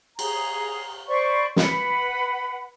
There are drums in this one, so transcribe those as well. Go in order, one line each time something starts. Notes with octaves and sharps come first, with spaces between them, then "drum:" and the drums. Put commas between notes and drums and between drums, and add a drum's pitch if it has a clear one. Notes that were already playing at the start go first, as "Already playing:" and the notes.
G#4 A#5, drum: cymbal
C5 D5 B5 C#6
B4 F#5 B5, drum: snare